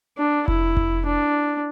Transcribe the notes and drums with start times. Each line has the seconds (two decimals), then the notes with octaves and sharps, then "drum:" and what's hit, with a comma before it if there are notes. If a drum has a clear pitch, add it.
0.17 D4
0.48 E4, drum: kick F1
0.77 drum: kick F1
1.06 D4